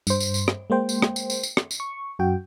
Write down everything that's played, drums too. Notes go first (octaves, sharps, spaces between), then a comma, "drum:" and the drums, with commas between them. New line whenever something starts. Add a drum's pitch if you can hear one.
G2 C5, drum: tambourine
drum: tambourine
drum: tambourine
drum: rim click
G#3 A#3 C5 G5
drum: tambourine
drum: rim click
drum: tambourine
drum: tambourine
drum: tambourine
drum: rim click
drum: tambourine
C#6
F#2 F#4 G5